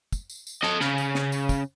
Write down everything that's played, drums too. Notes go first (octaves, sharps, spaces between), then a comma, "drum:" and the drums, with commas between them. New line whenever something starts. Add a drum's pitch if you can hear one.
drum: kick, tambourine
drum: tambourine
drum: tambourine
A4 D#5, drum: snare
C#3, drum: snare
drum: tambourine
drum: snare
drum: tambourine
drum: kick, tambourine